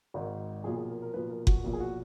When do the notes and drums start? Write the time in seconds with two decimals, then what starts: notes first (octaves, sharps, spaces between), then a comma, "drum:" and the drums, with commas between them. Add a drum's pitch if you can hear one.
0.14 G#1 G#2 D#3
0.64 B1 A#2 F3 G#4
0.77 G#4
0.90 A#4
1.02 A#4
1.14 B1 A#2 F3 B4
1.30 A#4
1.47 F#4, drum: kick F#1
1.64 B1 A#2 F3
1.73 G#4
1.80 F#4